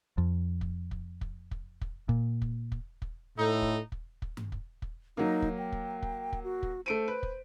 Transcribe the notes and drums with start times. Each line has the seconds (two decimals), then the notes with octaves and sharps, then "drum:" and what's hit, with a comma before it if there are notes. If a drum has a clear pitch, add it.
0.18 F2
0.61 drum: kick
0.91 drum: kick
1.21 drum: kick
1.51 drum: kick
1.81 drum: kick
2.09 A#2, drum: kick
2.42 drum: kick
2.72 drum: kick
3.02 drum: kick
3.38 A2 D#4 A4
3.62 drum: kick
3.92 drum: kick
4.22 drum: kick
4.37 drum: tom G2
4.52 drum: kick
4.82 drum: kick
5.17 F#3 A#3 D#4
5.42 drum: kick
5.58 G5
5.72 drum: kick
6.02 drum: kick
6.33 drum: kick
6.44 F#4
6.63 drum: kick
6.86 A3 C5 D7 D#7
7.08 B4
7.23 drum: kick